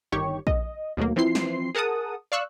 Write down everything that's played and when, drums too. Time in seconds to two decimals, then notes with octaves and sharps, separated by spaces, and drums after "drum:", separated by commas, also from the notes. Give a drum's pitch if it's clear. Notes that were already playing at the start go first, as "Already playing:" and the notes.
0.12 G1 D#3 G4 C#5 C#6
0.47 D#5, drum: kick A#1
0.97 D#2 B2 F#3 A3 A#3
1.16 E3 F3 C4 E4 C6 C7
1.35 drum: snare
1.75 G#4 A#4 F#5 A5 D#6
2.32 D5 F5 C#6 E6 F#6